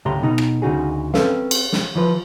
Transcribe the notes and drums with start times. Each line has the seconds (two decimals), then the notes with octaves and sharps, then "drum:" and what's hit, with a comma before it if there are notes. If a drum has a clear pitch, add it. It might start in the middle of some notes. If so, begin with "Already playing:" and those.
0.05 D2 A2 C#3 G4 A#5 C6
0.21 B2 B3 D#4 A#5
0.38 drum: rim click
0.62 D2 C#3 D#4 F#4 G#4
1.14 C4 C#4 A4 B4 F5, drum: snare
1.51 drum: cymbal
1.72 drum: snare
1.95 E3 F3 B4